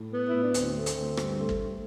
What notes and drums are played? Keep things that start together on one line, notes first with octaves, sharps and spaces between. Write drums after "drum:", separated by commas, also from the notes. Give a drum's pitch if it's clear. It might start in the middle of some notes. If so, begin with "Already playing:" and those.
Already playing: A2
B3
A2 E4
D4
D2 C4, drum: hi-hat
A3
drum: hi-hat
D2
G2, drum: rim click
A3
drum: kick
G2